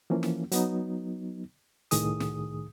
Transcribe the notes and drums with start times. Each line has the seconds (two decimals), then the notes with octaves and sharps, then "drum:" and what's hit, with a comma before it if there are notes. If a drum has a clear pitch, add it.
0.10 E3 F3 A#3 C#4
0.23 drum: snare
0.52 F#3 B3 D#4, drum: hi-hat
1.91 C2 A2 D#3 G#4 D#6, drum: hi-hat
2.20 drum: snare